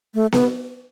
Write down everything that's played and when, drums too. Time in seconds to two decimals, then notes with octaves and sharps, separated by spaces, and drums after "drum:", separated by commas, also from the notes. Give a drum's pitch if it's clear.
0.14 A3
0.32 B3, drum: snare B3